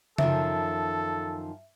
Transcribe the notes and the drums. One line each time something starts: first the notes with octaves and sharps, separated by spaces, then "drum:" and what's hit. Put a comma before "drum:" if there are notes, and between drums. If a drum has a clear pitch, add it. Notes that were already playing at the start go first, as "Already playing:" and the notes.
F#2 D#3 F3 A4 E5, drum: tom C#3